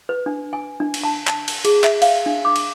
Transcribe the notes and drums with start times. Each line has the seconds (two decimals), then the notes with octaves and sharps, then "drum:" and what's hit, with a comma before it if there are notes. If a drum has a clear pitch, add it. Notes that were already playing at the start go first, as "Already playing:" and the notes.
0.09 B4
0.26 D4
0.53 G#5
0.80 D4
0.94 drum: cymbal
1.04 A5
1.27 A5, drum: clap
1.48 drum: cymbal
1.65 G#4, drum: cymbal
1.84 E5, drum: clap
2.02 F5, drum: cymbal
2.26 D4
2.45 D6
2.56 drum: cymbal